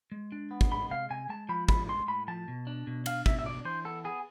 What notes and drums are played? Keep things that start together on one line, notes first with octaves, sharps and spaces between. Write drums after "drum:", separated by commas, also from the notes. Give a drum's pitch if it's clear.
G#3
D4
B3
drum: kick
G#3 B5
C3 F5
C3 G#5
G#3 A5
F3 B5
G#3 B5, drum: kick
G#3 C6
A2 B5
F3 A5
B2
D4
B2
D4 F5, drum: cymbal
B2 E5, drum: kick
E5
D4 D5
E3 C5
B3 A4
B3 G#4